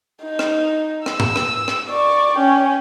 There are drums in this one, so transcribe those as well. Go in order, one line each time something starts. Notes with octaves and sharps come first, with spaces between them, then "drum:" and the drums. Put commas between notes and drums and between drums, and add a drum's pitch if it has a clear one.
D#4
drum: rim click
E6, drum: rim click
drum: tom
drum: rim click
drum: rim click
D5 C#6
C#4 G5